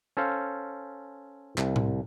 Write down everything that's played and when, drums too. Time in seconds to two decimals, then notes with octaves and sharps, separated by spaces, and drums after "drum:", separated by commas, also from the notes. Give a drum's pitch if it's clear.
0.17 C#4 A4 C5 F5
1.58 C2, drum: clap
1.76 drum: tom A2